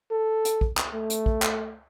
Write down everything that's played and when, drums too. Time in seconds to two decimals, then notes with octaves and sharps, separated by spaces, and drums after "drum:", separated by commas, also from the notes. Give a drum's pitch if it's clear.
0.11 A4
0.45 drum: hi-hat
0.61 drum: kick
0.77 drum: clap
0.94 A3
1.10 drum: hi-hat
1.26 drum: kick
1.42 drum: clap